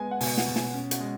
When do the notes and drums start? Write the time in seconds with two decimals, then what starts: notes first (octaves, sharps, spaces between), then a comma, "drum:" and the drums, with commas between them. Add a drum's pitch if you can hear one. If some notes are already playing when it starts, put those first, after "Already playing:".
Already playing: G#3 B3 G#5
0.11 F#5
0.21 B2 G#5, drum: open hi-hat
0.37 F#5, drum: snare
0.47 B2
0.56 G#5, drum: snare
0.73 C#4
0.91 F#4, drum: hi-hat
1.00 G#3